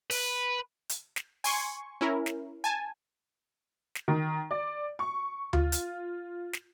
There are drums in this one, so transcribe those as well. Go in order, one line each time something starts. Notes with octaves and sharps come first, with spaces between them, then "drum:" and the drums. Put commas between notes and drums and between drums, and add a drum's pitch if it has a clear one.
B4, drum: open hi-hat
drum: hi-hat
drum: snare
G#5 C6 C#6, drum: open hi-hat
C#4 E4 A#4
drum: snare
G#5 A5
drum: snare
D#3
D5
C#6
F4, drum: tom D2
drum: hi-hat
drum: snare